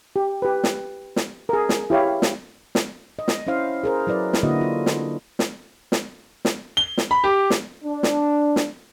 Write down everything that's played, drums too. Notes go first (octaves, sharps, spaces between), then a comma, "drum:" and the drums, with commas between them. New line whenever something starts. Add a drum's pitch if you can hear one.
G4
G4 B4
drum: snare
drum: snare
G#4 A#4
drum: snare
E4 G4 C#5 F5
drum: snare
drum: snare
D#5
drum: snare
C#4 E4 C5 F5
G#4 A#4 C5
F#3 E4 B4 D5
drum: snare
D3 A#3 E4 F#4 D#5
D4 F4
drum: snare
drum: snare
drum: snare
drum: snare
G7
drum: snare
B5
G4
drum: snare
D4
drum: snare
drum: snare